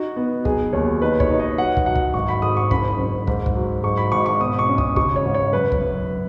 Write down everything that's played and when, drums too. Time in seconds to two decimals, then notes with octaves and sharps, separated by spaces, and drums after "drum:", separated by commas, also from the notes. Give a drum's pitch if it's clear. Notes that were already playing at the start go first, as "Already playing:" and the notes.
Already playing: D#4 F#4
0.16 B3
0.45 F#3 G#4, drum: kick
0.73 D#2 C#5
1.02 D#4 B4
1.20 C#5, drum: kick
1.30 D#4
1.39 D#5
1.58 F#3 F#5
1.77 drum: kick
1.86 F#3 F#5
1.96 drum: kick
2.14 G#1 C#6
2.28 B5
2.42 G#2 D#6
2.57 C#6
2.71 F#1 B5, drum: kick
2.99 F#1
3.27 G#2, drum: kick
3.46 drum: kick
3.55 F#3
3.83 G#2 C#6
3.97 B5
4.12 G#1 C#6
4.26 C#6
4.40 B2 D#6
4.59 C#6
4.69 C#4
4.78 D#6, drum: kick
4.96 C#3 C#6, drum: kick
5.16 C#5
5.25 G#1
5.34 C#5
5.53 F#2 B4
5.72 drum: kick
5.81 F#2